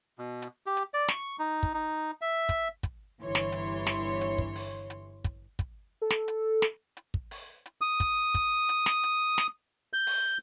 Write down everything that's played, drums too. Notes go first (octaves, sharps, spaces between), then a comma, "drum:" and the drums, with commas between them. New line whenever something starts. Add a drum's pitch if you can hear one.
B2
drum: hi-hat
G4
drum: hi-hat
D5
C#6, drum: snare
D#4
drum: kick
D#4
E5
drum: kick, hi-hat
drum: kick, hi-hat
G1 E3 C#5 C6
drum: snare
drum: hi-hat
drum: snare
drum: hi-hat
drum: kick
drum: open hi-hat
drum: hi-hat
drum: kick, hi-hat
drum: kick, hi-hat
A4
drum: snare
drum: hi-hat
drum: snare
drum: hi-hat
drum: kick
drum: open hi-hat
drum: hi-hat
D#6
drum: kick, hi-hat
drum: kick, hi-hat
drum: hi-hat
drum: snare
drum: hi-hat
drum: snare
G6
drum: open hi-hat